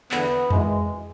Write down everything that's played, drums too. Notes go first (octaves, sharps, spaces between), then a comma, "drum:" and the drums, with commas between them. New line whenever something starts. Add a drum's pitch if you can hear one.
E2 D3 B3, drum: clap
G#1 G#2 E3 G#3, drum: tom F2